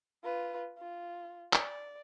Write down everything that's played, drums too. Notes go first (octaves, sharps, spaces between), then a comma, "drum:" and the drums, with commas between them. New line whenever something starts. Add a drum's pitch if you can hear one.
F4 B4
F4
D5, drum: clap